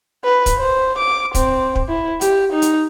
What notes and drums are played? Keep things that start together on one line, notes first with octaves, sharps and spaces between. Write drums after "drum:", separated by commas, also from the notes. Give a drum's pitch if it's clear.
B4
drum: kick, hi-hat
C5
D6
C4, drum: kick, hi-hat
drum: kick
E4
G4, drum: hi-hat
D#4
drum: hi-hat